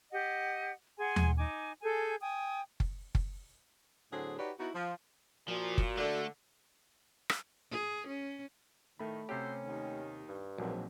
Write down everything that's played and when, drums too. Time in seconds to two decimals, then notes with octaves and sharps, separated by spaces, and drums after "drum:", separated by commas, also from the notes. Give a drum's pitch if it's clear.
0.11 G4 D#5 F#5
0.98 G#4 F#5 G#5 C6
1.16 drum: tom D#2
1.38 D#4 G#5 D6
1.82 G#4 A4 G#5 G6
2.20 G5 G#5 D#6
2.80 drum: kick F#1
3.15 drum: kick F#1
4.12 A2 D3 F#3 C4 G#4
4.39 D#4 F#4 G4 B4 C#5 D5
4.59 B3 D#4 E4 F#4
4.75 F3
5.48 A#2 F3 F#4
5.78 drum: kick F#1
5.97 D3 A3
7.29 drum: rim click
7.71 G#4
8.07 C#4
9.00 A2 D#3 A3 B5
9.29 C3 C#4 F#4 G4 A4 C5
9.64 D#2 D#3
10.29 G2
10.58 A#1 G#2 B2 F#3 A#3 C4